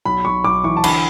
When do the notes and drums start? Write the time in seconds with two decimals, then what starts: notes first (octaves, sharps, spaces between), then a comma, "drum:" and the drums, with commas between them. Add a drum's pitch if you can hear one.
0.05 B1 B5
0.25 B1 C#6
0.44 B1 D6
0.64 E3 C#6
0.77 A5
0.84 D3 B5, drum: cymbal